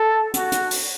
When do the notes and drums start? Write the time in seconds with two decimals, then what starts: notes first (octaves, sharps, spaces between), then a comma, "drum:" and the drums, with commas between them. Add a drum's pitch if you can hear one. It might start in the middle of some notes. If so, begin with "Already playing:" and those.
Already playing: A4
0.34 F#4, drum: hi-hat
0.52 drum: hi-hat
0.71 drum: open hi-hat